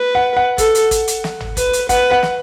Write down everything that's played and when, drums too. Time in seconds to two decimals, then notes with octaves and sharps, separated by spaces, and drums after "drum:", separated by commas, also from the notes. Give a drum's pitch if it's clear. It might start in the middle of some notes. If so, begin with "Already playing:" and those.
Already playing: B4
0.15 F#5
0.37 F#5
0.58 A4, drum: kick, hi-hat
0.75 drum: hi-hat
0.91 drum: kick, hi-hat
1.08 drum: hi-hat
1.24 drum: snare
1.40 drum: tom
1.57 B4, drum: kick, hi-hat
1.73 drum: hi-hat
1.89 B4 F#5, drum: kick, hi-hat
2.11 F#5
2.23 drum: snare